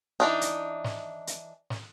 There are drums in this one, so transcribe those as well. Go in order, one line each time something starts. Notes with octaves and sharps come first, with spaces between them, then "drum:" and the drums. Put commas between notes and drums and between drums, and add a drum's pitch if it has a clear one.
E3 D4 D#4
drum: hi-hat
drum: snare
drum: hi-hat
drum: snare